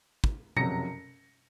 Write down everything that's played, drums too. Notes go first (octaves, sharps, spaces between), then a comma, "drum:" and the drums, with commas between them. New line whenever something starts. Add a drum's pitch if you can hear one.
drum: kick
F#1 F2 C3 F#3 A#6 C#7, drum: tom B2